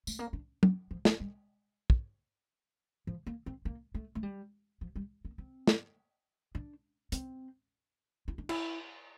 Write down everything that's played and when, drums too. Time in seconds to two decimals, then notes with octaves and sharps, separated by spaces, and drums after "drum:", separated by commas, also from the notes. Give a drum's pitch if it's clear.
0.07 A3, drum: tambourine
0.19 A#3
0.33 D4
0.63 A#3, drum: tom
0.91 F3
1.05 F3, drum: snare
1.20 G3
1.90 drum: kick
3.07 F3
3.26 A#3
3.46 C4
3.65 A#3
3.95 A3
4.15 A3
4.23 G3
4.81 F3
4.96 G3
5.25 A#3
5.38 C4
5.67 drum: snare
6.55 D4
7.12 C4, drum: hi-hat
8.28 E4
8.38 D4
8.49 E4, drum: cymbal